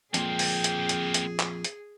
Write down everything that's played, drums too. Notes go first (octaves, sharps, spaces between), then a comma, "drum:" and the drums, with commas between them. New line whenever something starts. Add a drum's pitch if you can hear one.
F2 A#2 A#3 C4 G#4 G5, drum: hi-hat
drum: open hi-hat
drum: hi-hat
drum: hi-hat
drum: hi-hat
drum: clap
drum: hi-hat